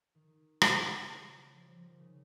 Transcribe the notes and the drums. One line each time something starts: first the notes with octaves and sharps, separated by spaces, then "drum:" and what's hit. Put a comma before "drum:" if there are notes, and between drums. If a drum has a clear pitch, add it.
D#3
C#3, drum: rim click
F3
G3
F3
D#3
C#3